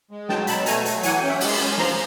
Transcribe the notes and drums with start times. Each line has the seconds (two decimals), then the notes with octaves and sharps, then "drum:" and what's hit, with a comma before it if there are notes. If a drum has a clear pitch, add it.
0.11 G#3
0.29 F#3 G5 A5, drum: snare
0.47 B2 A5 B5, drum: hi-hat
0.66 A3 G#5 A#5, drum: hi-hat
0.86 F#3, drum: hi-hat
1.03 E3 F#5 G#5, drum: hi-hat
1.18 C#4 G5
1.28 E5 F#5
1.40 G#3, drum: open hi-hat
1.48 C6
1.53 A5 B5
1.59 C#4
1.78 F3 A#5 C6, drum: snare